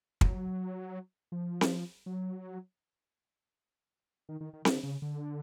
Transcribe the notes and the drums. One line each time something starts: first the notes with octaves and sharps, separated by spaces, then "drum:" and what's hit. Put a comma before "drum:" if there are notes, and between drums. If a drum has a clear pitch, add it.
F#3, drum: kick
F3
drum: snare C4
F#3
D#3
D#3
D#3
D3, drum: snare C4
C#3
D3